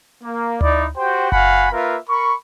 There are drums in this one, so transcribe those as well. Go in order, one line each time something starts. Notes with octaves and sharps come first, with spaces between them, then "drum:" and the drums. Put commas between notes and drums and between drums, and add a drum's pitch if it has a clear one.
A#3
D#4 E4 D5, drum: tom D2
F#4 G4 C5 G5
F#4 F5 F#5 G#5 B5, drum: kick F#1
A#3 F4 A#4 B4 E5
A#4 B5 C#6